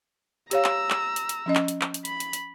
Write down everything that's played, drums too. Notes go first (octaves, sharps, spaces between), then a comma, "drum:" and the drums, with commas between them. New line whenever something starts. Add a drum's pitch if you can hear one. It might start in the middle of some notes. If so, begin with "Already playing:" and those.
G4 C#5 F5 A#5 E6, drum: hi-hat
drum: clap
drum: clap
drum: hi-hat
drum: hi-hat
F3 C#4 D#5
drum: clap
drum: hi-hat
drum: clap
drum: hi-hat
B5, drum: hi-hat
drum: hi-hat
drum: hi-hat